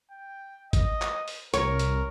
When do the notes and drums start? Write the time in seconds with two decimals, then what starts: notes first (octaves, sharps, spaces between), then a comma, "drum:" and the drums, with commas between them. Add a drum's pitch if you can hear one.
0.11 G5
0.73 D#5, drum: kick G#1, hi-hat
1.02 drum: clap
1.28 drum: open hi-hat
1.54 C2 A#4 C#5, drum: hi-hat
1.79 drum: hi-hat